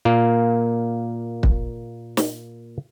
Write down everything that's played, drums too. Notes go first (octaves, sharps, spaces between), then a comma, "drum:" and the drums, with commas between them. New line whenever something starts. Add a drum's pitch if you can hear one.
A#2 A#3
drum: kick
drum: snare